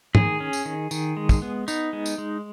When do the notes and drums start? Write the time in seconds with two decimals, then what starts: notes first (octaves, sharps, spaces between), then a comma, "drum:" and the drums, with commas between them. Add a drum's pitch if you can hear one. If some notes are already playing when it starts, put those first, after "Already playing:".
0.15 D#3 G#4, drum: tom
0.40 C#4
0.53 drum: tambourine
0.65 D#3
0.91 D#3, drum: tambourine
1.17 G#3
1.29 drum: kick, tambourine
1.42 B3
1.68 B3 D#4, drum: tambourine
1.93 G#3
2.06 drum: tambourine
2.18 G#3